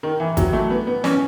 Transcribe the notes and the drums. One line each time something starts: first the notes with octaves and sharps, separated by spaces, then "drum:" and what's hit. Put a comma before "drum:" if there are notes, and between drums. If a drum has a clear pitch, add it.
D#3
E3
F#3, drum: kick G#1, hi-hat
A3
B3
B3
C#4, drum: snare